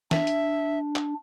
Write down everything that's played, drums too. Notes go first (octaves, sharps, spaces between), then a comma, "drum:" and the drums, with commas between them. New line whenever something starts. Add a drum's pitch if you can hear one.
D4 E5, drum: snare
drum: hi-hat
drum: clap